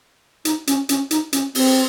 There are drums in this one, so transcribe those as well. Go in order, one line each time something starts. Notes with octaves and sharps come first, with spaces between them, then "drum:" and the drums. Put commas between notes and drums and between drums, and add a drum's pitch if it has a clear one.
D#4, drum: hi-hat
C#4, drum: hi-hat
C#4, drum: hi-hat
D#4, drum: hi-hat
C#4, drum: hi-hat
C4, drum: open hi-hat